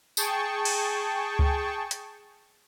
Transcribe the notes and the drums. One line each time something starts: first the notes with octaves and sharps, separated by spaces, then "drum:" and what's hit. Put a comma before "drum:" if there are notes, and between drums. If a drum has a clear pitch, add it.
G#4 G5 A5 C#6, drum: tambourine
drum: cymbal
drum: kick C#2
drum: hi-hat